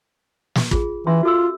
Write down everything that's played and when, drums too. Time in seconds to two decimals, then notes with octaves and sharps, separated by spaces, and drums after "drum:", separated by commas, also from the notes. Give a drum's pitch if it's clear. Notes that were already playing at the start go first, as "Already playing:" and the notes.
0.55 drum: snare
0.71 F4 G#4, drum: kick
1.07 E3 C#4 E5 C6
1.23 F4 F#4 A4 E6